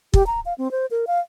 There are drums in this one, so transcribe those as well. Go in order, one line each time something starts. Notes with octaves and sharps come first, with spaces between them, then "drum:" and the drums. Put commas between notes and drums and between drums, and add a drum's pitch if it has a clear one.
G4, drum: kick
A#5
F5
C4
C5
A#4
F5